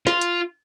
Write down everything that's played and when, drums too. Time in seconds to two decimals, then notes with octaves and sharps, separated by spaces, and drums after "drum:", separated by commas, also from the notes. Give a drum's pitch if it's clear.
0.07 F4, drum: snare
0.21 drum: hi-hat